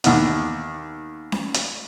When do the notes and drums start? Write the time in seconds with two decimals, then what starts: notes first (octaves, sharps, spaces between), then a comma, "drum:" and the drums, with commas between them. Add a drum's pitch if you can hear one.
0.04 D#2 B3, drum: hi-hat
1.32 drum: snare C#4
1.54 drum: hi-hat